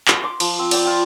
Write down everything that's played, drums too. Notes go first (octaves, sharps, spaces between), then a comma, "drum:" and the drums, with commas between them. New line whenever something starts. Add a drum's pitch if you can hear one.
drum: clap
C6 D6
F3, drum: cymbal
C4
D5 G5 B5 D6, drum: cymbal
F4 G5